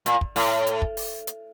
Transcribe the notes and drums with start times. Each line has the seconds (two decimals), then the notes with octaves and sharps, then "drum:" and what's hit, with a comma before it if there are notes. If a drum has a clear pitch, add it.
0.06 A#2, drum: hi-hat
0.21 drum: kick
0.36 A2, drum: open hi-hat
0.67 drum: hi-hat
0.82 drum: kick
0.97 drum: open hi-hat
1.27 drum: hi-hat